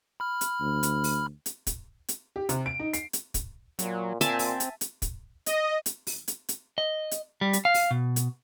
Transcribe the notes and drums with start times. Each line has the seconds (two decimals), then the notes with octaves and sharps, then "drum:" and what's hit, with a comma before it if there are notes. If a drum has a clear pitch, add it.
0.20 B5 F6
0.41 drum: hi-hat
0.61 D2
0.83 drum: hi-hat
1.04 drum: open hi-hat
1.46 drum: hi-hat
1.67 drum: kick, hi-hat
2.09 drum: hi-hat
2.36 G4
2.49 C3, drum: hi-hat
2.66 D7
2.79 D#4
2.93 C7, drum: hi-hat
3.13 drum: hi-hat
3.34 drum: kick, hi-hat
3.79 A#2 F#3, drum: hi-hat
4.21 A#2 C4 E5 G#5 A5, drum: hi-hat
4.39 drum: open hi-hat
4.60 drum: hi-hat
4.81 drum: hi-hat
5.02 drum: kick, hi-hat
5.46 D#5, drum: hi-hat
5.86 drum: hi-hat
6.07 drum: open hi-hat
6.28 drum: hi-hat
6.49 drum: hi-hat
6.78 D#5
7.11 drum: hi-hat
7.41 G3
7.53 drum: hi-hat
7.65 F5
7.74 drum: open hi-hat
7.91 B2
8.16 drum: hi-hat